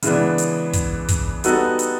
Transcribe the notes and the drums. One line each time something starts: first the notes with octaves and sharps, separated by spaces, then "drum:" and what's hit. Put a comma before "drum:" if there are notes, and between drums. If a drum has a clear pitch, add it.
C#3 E3 G#3 B3 D4, drum: hi-hat
drum: hi-hat
drum: kick, hi-hat
drum: kick, hi-hat
G3 B3 D#4 F#4 A4, drum: hi-hat
drum: hi-hat